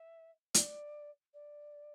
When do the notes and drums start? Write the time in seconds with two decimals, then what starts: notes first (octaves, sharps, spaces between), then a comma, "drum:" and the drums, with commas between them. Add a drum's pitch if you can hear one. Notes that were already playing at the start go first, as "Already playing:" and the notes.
Already playing: E5
0.54 D5, drum: hi-hat
1.33 D5